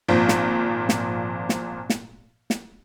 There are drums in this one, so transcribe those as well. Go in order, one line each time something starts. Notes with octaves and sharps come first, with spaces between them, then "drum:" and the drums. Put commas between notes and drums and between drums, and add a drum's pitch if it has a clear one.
G#1 A#2 F3
drum: snare
drum: snare
drum: snare
drum: snare
drum: snare